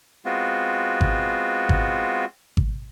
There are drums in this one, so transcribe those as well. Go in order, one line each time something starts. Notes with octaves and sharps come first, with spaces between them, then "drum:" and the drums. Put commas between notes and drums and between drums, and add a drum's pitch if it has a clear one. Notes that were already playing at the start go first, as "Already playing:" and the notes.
G#3 B3 C4 F4 F#4
drum: kick G#1
drum: kick G#1
drum: kick G#1